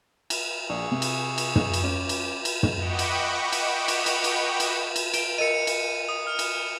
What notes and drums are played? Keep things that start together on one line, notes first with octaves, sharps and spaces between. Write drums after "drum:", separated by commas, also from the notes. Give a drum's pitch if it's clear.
drum: cymbal
A#1 G#4 C#6 E6
C3
drum: cymbal
drum: cymbal
drum: tom
drum: cymbal
C#4 D6
drum: cymbal
drum: cymbal
drum: tom
D#5 F#5 G5 B5 C#6 D6
drum: cymbal
drum: cymbal
drum: cymbal
drum: cymbal
drum: cymbal
drum: cymbal
drum: cymbal
D7 G7, drum: cymbal
A#4 D#5 C#7 D#7
drum: cymbal
D#6
F6
drum: cymbal